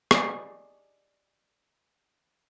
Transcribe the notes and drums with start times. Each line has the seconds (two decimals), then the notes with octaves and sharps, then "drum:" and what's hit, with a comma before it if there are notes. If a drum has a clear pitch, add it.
0.11 D5 D#5 G#5 D#6, drum: rim click